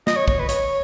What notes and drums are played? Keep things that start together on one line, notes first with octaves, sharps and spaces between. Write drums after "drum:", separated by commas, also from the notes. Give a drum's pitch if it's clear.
D#5, drum: snare
C#5
C#5, drum: kick
B4
C#5, drum: hi-hat